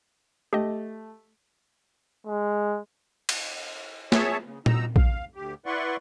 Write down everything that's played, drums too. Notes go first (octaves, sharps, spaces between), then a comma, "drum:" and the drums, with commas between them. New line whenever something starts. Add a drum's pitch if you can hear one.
A3 G4 D#5
G#3
drum: cymbal
G#4 C#5 E5 A5, drum: snare
C#3
B2 D#4 A#5 E6, drum: tom A#2
F5, drum: kick A#1
D2 G4
E4 B4 D5 F#5 C6 C#6